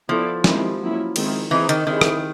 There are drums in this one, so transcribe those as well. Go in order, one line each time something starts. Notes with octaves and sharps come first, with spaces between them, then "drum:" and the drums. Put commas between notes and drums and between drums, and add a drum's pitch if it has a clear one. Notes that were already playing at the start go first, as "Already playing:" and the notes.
F3 B3 E4 A4 D5
D#3 G#3 C4 E4 G4, drum: snare
F#3 A#3 C#4 E4
D#3 G#3 C4 E4, drum: cymbal
E3 C4 D#4 G#4
D#3, drum: hi-hat
D#3 G3 C4 E4 G#4
drum: rim click